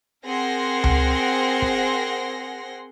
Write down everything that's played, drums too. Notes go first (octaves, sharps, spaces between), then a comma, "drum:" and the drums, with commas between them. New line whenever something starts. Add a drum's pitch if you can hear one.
C4 G#4 A#4 F#5 C6 A#6
drum: tom C#2
drum: kick